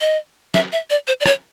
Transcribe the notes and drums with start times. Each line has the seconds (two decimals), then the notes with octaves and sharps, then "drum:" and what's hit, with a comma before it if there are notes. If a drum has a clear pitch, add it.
0.01 D#5
0.54 E5, drum: snare
0.72 E5
0.90 D5
1.07 C5
1.20 D5
1.26 C#5, drum: rim click